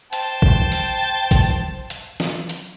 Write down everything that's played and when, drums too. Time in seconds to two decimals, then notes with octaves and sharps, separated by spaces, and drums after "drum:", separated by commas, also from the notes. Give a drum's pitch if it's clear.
0.13 C5 G5 A5, drum: hi-hat
0.42 drum: kick
0.72 drum: hi-hat
1.31 drum: kick, hi-hat
1.90 drum: hi-hat
2.20 drum: snare
2.49 drum: hi-hat